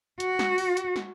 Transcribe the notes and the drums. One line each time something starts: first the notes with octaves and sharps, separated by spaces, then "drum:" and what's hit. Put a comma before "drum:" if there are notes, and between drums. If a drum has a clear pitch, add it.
F#4, drum: hi-hat
drum: snare
drum: open hi-hat
drum: hi-hat
drum: snare